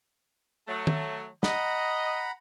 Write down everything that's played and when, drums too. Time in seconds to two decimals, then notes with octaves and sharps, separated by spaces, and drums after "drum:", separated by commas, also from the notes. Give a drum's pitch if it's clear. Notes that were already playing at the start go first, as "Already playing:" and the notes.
0.68 F#3 A3
0.87 drum: tom
1.43 D#5 F#5 A#5 B5, drum: snare